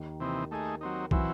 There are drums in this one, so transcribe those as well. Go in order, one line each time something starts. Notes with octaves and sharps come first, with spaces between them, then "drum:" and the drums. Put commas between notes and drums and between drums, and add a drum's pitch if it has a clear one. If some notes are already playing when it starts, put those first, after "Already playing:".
Already playing: D#2 D#3
C3 E3 C4 D#4
A3 D#4 G#4
F#3 C4 D#4
E3 F#3 C4 E4, drum: kick